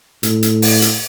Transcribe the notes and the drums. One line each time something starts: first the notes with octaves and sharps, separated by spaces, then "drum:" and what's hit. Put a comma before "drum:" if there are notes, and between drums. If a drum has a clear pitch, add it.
A2, drum: hi-hat
drum: hi-hat
drum: open hi-hat
drum: hi-hat